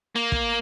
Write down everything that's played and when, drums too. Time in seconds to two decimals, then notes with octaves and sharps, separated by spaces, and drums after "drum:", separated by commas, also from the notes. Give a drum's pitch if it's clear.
0.16 A#3
0.32 drum: kick